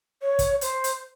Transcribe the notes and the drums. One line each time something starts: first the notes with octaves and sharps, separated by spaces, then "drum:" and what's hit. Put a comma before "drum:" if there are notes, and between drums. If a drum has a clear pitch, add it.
C#5
drum: kick, hi-hat
C5, drum: hi-hat
drum: hi-hat